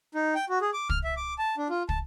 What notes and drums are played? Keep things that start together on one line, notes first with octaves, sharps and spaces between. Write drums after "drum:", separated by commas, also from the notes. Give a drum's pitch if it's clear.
D#4
G5
F#4
G#4
D6
F6, drum: kick
E5
D6
A5
D4
F4
A5, drum: kick